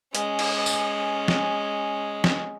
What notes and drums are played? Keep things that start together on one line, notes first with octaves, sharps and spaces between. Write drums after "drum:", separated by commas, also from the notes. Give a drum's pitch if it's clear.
G#3 C#4, drum: hi-hat
drum: cymbal
drum: tambourine
drum: snare
drum: snare